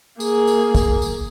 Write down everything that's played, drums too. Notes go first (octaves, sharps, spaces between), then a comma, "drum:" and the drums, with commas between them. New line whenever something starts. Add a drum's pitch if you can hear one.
A#3 G#4, drum: tambourine
drum: tambourine
drum: kick, tambourine
drum: tambourine